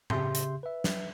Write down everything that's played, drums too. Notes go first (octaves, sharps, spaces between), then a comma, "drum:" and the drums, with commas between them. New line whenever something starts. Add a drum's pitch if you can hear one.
C#3 G4 E5 C6 G6, drum: tom A2
drum: hi-hat
B4 E5
drum: snare